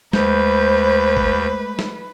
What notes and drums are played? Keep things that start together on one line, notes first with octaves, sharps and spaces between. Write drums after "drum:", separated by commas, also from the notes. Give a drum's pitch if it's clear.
D#2 G#3 A3 B4 C5 G6, drum: snare
drum: kick G#1
drum: snare